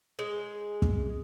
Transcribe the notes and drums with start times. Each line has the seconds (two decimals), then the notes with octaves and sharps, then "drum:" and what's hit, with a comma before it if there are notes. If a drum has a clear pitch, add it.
0.19 G#3
0.82 drum: kick